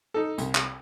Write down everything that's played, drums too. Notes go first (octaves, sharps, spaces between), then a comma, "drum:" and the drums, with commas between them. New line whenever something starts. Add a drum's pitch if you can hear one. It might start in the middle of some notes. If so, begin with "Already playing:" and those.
D#4 A4
C2, drum: hi-hat
drum: clap